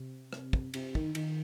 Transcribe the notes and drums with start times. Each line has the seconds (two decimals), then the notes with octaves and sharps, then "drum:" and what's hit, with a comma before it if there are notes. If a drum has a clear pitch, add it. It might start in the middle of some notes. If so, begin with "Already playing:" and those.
Already playing: C3
0.33 drum: rim click
0.53 drum: kick
0.74 C3, drum: cymbal
0.95 D#3, drum: kick
1.15 D#3, drum: cymbal